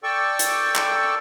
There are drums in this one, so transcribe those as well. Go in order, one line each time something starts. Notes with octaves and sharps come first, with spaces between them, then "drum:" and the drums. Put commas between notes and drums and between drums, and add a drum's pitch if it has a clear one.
A4 D5 G5 C#6 E6
drum: hi-hat
drum: clap